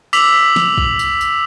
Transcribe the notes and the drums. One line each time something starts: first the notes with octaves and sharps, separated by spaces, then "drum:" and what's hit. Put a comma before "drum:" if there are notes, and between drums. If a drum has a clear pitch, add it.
D6 E6 B6 F7 F#7, drum: tambourine
drum: snare
drum: kick
drum: tambourine
drum: tambourine